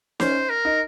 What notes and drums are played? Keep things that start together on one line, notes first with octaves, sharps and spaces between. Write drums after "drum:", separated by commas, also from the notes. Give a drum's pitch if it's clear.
C#4 C5, drum: snare
A#4
D#4